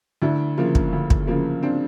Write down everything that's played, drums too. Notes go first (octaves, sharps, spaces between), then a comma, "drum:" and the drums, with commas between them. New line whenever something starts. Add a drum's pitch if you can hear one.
D2 D4 E4
C#3 F3 A#3
drum: kick
D2
drum: kick
C#3 F3 A#3
C4 D4